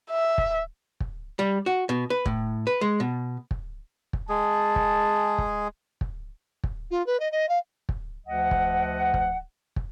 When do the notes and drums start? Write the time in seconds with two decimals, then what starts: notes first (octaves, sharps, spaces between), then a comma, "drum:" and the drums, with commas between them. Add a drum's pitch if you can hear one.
0.10 E5
0.38 drum: kick
1.00 drum: kick
1.39 G3
1.66 F#4
1.89 B2
2.10 B4
2.26 A2, drum: kick
2.67 B4
2.81 G#3
3.00 B2
3.51 drum: kick
4.13 drum: kick
4.29 G#3 G#4 A5
4.76 drum: kick
5.38 drum: kick
6.01 drum: kick
6.64 drum: kick
6.91 F4
7.06 B4
7.20 D#5
7.32 D#5
7.49 F5
7.89 drum: kick
8.27 D2 F3 D#5 F#5
8.51 drum: kick
9.14 drum: kick
9.76 drum: kick